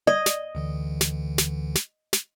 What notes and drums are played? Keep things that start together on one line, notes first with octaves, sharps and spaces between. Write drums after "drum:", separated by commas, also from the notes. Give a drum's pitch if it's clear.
D5 D#5
drum: snare
D2 D3 E3
drum: snare
drum: snare
drum: snare
drum: snare